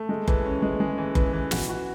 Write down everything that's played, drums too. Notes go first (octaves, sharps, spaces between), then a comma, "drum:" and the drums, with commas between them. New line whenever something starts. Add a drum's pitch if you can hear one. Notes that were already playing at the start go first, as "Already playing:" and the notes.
Already playing: A3
G#3
E3, drum: kick F#1
C#4
G#3
G#3
E3
E3, drum: kick F#1
E3
F#4, drum: snare
F#4